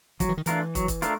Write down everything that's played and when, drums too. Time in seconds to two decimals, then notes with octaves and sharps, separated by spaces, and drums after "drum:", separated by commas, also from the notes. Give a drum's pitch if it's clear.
0.20 F3 F#3, drum: kick, hi-hat
0.29 E3
0.37 D#3
0.46 E3 A3 D4 F4 A#4, drum: hi-hat
0.75 F#3, drum: kick, hi-hat
0.88 drum: kick, hi-hat
1.02 A3 D4 F4 A#4, drum: hi-hat